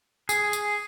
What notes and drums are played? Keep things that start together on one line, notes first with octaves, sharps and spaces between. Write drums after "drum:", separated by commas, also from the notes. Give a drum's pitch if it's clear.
G#4, drum: tambourine
drum: tambourine